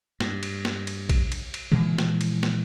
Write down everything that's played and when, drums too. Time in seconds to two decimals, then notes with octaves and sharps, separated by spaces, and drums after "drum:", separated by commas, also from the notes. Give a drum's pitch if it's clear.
0.20 G2, drum: snare
0.43 drum: cymbal
0.65 drum: snare
0.87 drum: cymbal
1.09 drum: kick A#1, cymbal
1.32 drum: cymbal
1.54 drum: cymbal
1.71 A#2 E3 F3 G#3
1.98 drum: snare
2.21 drum: cymbal
2.43 drum: snare